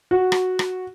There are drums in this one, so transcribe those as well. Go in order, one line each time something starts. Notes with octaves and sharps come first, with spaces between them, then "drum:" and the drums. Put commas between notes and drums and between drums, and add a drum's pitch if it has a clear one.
F#4
drum: rim click
drum: rim click